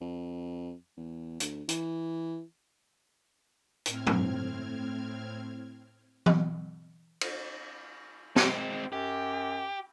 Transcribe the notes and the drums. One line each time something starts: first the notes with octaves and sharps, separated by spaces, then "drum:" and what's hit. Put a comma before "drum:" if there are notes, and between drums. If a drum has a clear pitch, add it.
F2
E2
D2, drum: hi-hat
E3, drum: hi-hat
A2 C4 F6 G#6, drum: hi-hat
drum: tom
drum: tom E3
drum: cymbal
G#3 C4, drum: snare
F#2 G4